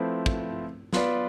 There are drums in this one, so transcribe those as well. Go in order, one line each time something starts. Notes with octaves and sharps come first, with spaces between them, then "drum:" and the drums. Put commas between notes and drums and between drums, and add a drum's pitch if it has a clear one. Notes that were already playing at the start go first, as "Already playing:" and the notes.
Already playing: F3 A3 C4 E4 B4
drum: kick
B3 F4 B4 D5, drum: snare